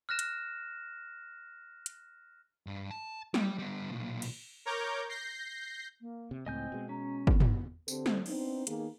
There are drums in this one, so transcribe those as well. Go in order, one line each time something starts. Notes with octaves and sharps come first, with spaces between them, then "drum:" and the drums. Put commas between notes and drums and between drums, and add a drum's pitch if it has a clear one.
F6 F#6 A#6 E7
drum: hi-hat
drum: hi-hat
G2
A5
G3, drum: snare
G3 B3
B1 A#2
drum: cymbal
A#4 C#5 A#5 D6 G6
G6 A#6 C7
A#3
C3
C#2 A2 C4 D#5 G#5 G6
B2 G#3
C#4 A#5
B3, drum: kick
drum: tom
D3 C4 G4 A4, drum: tambourine
drum: snare
B3 C4 D4 D#4, drum: cymbal
D#3 A#3 B3 D#4 G#4, drum: hi-hat